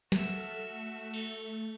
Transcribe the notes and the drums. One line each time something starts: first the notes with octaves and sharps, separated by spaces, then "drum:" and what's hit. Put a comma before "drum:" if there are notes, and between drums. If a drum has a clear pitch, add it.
F#4 A4 E5 F6, drum: snare
A3
drum: cymbal